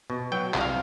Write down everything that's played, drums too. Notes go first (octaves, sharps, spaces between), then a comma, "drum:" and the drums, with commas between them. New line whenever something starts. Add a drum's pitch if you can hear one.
B2
F#3 G5
C2, drum: clap
F5